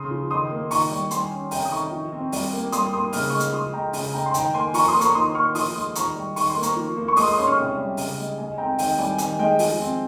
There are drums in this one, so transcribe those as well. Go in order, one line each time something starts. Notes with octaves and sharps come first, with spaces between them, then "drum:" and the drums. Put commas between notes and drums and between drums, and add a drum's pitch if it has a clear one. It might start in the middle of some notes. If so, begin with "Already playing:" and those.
Already playing: C#3 C6 D#6
F3
D#3 C6 D#6
A#3
D#3 A#5 C#6, drum: open hi-hat
G3
G3 G#5 C6, drum: hi-hat
C#4
C3 G5 A#5, drum: open hi-hat
D#6
D#3 A#5 C#6
F3
C4
G3, drum: open hi-hat
A#3
G3 C6 D#6, drum: hi-hat
A#3 C6 D#6
C#3 F6, drum: open hi-hat
G#3 C#6 F6
drum: hi-hat
F3 C6 D#6
G#3 G5 A#5
C#3 G#5, drum: open hi-hat
G#3 G5 A#5
C6
D#3 G5 A#5, drum: hi-hat
A#3 G#5 C6
F3 A#5 C#6, drum: open hi-hat
C6 D#6
A#3
A#5 C#6, drum: hi-hat
D#3 C6 D#6
A#3 C#6 F6
F3 C6 D#6, drum: open hi-hat
G#3 C6 D#6
D#3 A#5 C#6, drum: hi-hat
G3
D#3 C#6, drum: open hi-hat
C6
A#3
A#5 C#6, drum: hi-hat
F3
A#3
C#6
G#3 C6 D#6, drum: open hi-hat
C6 D#6
C#4 C6 D#6
C#6 F6
C3
G3
C#3, drum: open hi-hat
G#3
G#3 G#5
C4 G5 A#5
D#3 G5, drum: open hi-hat
G3 G#5
D#3 G#5, drum: hi-hat
G#3 G5
F3 G#5, drum: open hi-hat
C4